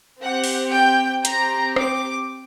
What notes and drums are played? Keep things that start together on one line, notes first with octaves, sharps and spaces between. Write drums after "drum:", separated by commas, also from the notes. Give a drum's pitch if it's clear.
C4 G4 F#5
drum: open hi-hat
G5
C4 G4 A#5, drum: hi-hat
D6, drum: rim click